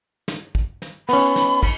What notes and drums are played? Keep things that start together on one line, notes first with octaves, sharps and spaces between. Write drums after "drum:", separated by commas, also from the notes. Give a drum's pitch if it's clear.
drum: snare
drum: kick
drum: snare
B3 C#4 B5, drum: cymbal
drum: snare
drum: kick, cymbal